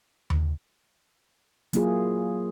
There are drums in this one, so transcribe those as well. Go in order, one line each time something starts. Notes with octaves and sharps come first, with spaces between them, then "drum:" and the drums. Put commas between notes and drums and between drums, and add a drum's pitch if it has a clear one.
drum: tom D#2
F#3 A#3 E4 F4 G#4, drum: hi-hat